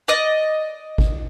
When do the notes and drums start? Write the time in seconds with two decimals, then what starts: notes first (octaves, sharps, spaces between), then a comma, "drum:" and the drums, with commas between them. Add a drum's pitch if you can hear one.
0.08 D5 D#5
0.98 drum: kick G#1